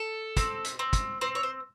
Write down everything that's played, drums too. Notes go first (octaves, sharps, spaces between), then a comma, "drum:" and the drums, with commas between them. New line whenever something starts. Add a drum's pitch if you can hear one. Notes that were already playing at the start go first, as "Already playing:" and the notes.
Already playing: A4
C4, drum: kick, hi-hat
drum: hi-hat
C4
drum: kick, hi-hat
C4 C5
C#5
C5